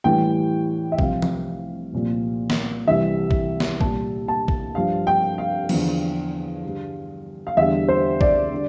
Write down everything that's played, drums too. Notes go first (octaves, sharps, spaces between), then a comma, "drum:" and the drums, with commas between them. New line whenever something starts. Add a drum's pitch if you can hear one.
A2 E3 G3 G5
E5
C2 C3 F3 F5, drum: kick A1
drum: tom E3
C2 A#2 F3
drum: snare
C2 C3 E3 G3 E5
drum: kick A1
drum: snare
C2 A#2 G3 A5, drum: kick A1
A5
drum: kick A1
G2 F3 F5
G5
F5
E2 D3 F3, drum: cymbal
G2 D3 G3
F5
E2 D3 G3 E5
C5
D5, drum: kick A1
D3 G3